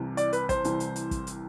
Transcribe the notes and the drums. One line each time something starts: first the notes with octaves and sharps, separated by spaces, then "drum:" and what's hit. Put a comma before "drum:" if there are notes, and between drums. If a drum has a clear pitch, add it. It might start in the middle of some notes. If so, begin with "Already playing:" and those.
Already playing: C2 C3 E3
D5, drum: hi-hat
B4, drum: hi-hat
C5, drum: kick, hi-hat
C2 C3 E3, drum: hi-hat
drum: hi-hat
drum: hi-hat
drum: kick, hi-hat
drum: hi-hat